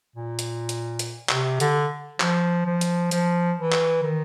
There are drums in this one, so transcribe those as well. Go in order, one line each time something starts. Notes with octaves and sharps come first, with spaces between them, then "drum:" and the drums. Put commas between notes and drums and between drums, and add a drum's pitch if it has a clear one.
A#2
drum: hi-hat
drum: hi-hat
drum: hi-hat
C3, drum: clap
D3, drum: hi-hat
F3, drum: clap
F3
drum: hi-hat
F3, drum: hi-hat
E3
drum: clap
D#3